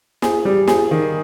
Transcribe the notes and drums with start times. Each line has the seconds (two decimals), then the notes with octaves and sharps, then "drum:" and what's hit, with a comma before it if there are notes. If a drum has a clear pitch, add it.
0.22 G#4, drum: snare
0.45 G3
0.67 G#4, drum: snare
0.91 D#3